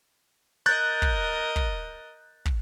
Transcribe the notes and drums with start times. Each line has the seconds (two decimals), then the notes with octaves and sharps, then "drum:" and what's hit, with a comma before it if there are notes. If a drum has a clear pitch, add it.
0.66 A#4 D#5 F#6 G6 A6
1.02 drum: kick
1.56 drum: kick
2.45 drum: kick